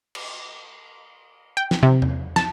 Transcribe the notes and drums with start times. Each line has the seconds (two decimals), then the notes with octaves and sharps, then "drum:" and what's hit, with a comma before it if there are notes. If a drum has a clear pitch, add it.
0.15 drum: cymbal
1.57 G5
1.71 drum: snare
1.83 C3
2.02 drum: tom E2
2.36 A5, drum: snare